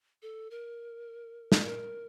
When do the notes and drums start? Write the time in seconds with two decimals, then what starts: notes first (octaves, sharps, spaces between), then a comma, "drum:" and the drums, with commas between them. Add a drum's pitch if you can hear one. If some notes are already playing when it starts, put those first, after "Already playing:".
0.22 A4
0.51 A#4
1.52 drum: snare
1.64 A#4